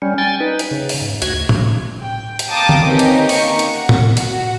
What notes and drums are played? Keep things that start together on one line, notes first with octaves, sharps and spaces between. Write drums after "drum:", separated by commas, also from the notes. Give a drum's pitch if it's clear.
G3 C#4
G5 G#5 A6
D#4 B4
drum: hi-hat
C#3
drum: open hi-hat
G#2
D2 F#4 G#6, drum: hi-hat
drum: tom A2
G5
drum: hi-hat
F5 G5 A5 A#5 D6 D#6
drum: tom D3
C4 C#4 D#4 G4 A#4 B4
drum: hi-hat
A#3 D#4 C#6 C#7, drum: open hi-hat
drum: hi-hat
F#5
drum: tom A2
F#4, drum: hi-hat